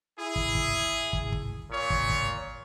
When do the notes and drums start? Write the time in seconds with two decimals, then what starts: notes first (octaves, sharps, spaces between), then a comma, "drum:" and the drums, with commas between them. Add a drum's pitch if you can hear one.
0.18 E4 G#4
0.36 drum: kick
0.55 drum: kick
1.13 drum: kick
1.32 drum: kick
1.71 A#2 C#5
1.90 drum: kick
2.10 drum: kick